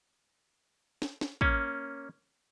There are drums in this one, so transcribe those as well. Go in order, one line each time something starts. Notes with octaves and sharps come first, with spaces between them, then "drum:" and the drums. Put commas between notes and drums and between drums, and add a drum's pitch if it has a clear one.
drum: snare
drum: snare
A#3 C#4, drum: kick